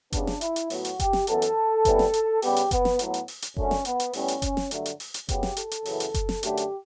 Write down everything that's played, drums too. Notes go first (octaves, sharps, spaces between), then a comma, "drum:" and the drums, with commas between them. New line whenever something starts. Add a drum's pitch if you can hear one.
C#3 G3 B3 D4, drum: kick F#1, hi-hat
drum: snare
E4, drum: hi-hat
drum: hi-hat
A2 F#3 B3 F#4, drum: open hi-hat
drum: hi-hat
G4, drum: kick F#1, hi-hat
drum: snare
F#2 E3 B3 A4, drum: hi-hat
drum: hi-hat
A2 E3 G3 B3, drum: kick F#1, hi-hat
drum: snare
drum: hi-hat
C#3 G3 B3 G4, drum: open hi-hat
drum: hi-hat
B3, drum: kick F#1, hi-hat
drum: snare
A2 F#3 B3, drum: hi-hat
drum: hi-hat
drum: open hi-hat
drum: hi-hat
F#2 D3 A3 C#4, drum: kick F#1
drum: snare
B3, drum: hi-hat
drum: hi-hat
A2 G3 B3 C#4, drum: open hi-hat
drum: hi-hat
C#4, drum: kick F#1, hi-hat
drum: snare
G2 D3 F#3 A3, drum: hi-hat
drum: hi-hat
drum: open hi-hat
drum: hi-hat
C#3 F#3 B3 G4, drum: kick F#1, hi-hat
drum: snare
A4, drum: hi-hat
drum: hi-hat
F#2 C#3 E3 B3, drum: open hi-hat
drum: hi-hat
drum: kick F#1, hi-hat
drum: snare
F#2 D3 A3 G4, drum: hi-hat
drum: hi-hat